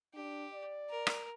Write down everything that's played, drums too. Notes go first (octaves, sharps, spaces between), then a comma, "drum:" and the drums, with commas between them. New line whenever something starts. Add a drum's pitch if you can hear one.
D4 G4
D5
A#4
drum: rim click